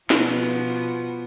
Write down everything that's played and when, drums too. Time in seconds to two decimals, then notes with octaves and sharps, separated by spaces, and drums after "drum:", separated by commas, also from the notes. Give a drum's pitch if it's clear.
0.10 B2 F3 B3, drum: snare